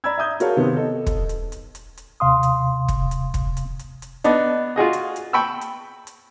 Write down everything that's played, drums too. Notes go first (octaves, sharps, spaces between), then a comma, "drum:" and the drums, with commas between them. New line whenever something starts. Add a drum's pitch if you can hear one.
D5 A#5 B5 E6 G#6
E5 A#5 D#6 G6
F#4 G#4 A#4 C#5 F5 A5, drum: hi-hat
C3 D#3 B3 C4
A4 D#5
drum: kick, hi-hat
drum: hi-hat
drum: hi-hat
drum: hi-hat
drum: hi-hat
D#2 C3 F5 C6 D#6
drum: hi-hat
drum: kick, hi-hat
drum: hi-hat
drum: kick, hi-hat
drum: hi-hat
drum: hi-hat
drum: hi-hat
B3 D4 D#4, drum: hi-hat
F4 F#4 G#4 D#5
drum: hi-hat
drum: hi-hat
G5 A5 B5 C#6 E6
drum: hi-hat
drum: hi-hat